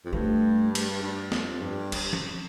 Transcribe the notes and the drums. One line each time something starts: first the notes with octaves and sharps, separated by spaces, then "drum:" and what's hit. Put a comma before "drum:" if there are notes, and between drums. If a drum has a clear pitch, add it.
F2
G2 A3
drum: cymbal
G2
F2, drum: snare
G2
C4, drum: cymbal
drum: tom F3